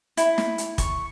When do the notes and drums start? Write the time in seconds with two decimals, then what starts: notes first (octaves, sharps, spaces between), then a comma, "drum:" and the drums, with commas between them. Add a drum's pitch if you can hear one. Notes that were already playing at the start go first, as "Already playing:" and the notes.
0.17 E4, drum: hi-hat
0.38 drum: snare
0.58 drum: hi-hat
0.78 C#6, drum: kick, hi-hat